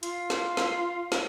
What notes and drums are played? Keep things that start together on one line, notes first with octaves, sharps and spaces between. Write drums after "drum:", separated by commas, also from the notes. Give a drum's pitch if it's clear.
F4, drum: hi-hat
drum: snare
drum: snare
drum: snare